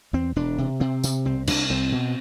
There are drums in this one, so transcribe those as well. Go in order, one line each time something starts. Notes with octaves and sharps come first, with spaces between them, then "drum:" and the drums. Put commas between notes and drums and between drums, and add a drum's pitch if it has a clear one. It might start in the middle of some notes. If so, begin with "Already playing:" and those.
E2 C4
E1 D4
C3
C3 C4
C3, drum: tambourine
C2 C4
C2 D4, drum: cymbal
C2 C4
B2